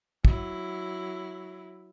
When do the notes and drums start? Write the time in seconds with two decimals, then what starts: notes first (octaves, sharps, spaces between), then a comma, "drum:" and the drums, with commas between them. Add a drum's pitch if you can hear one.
0.25 F#3 E4, drum: kick